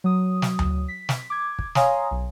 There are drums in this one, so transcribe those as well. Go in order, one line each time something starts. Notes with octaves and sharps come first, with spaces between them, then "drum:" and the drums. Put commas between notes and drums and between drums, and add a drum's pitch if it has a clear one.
F#3 D#6
drum: snare
drum: tom D2
B6
drum: snare
D6 G#6
drum: kick
C#5 F5 G#5 A#5 C6 D#6, drum: snare
B1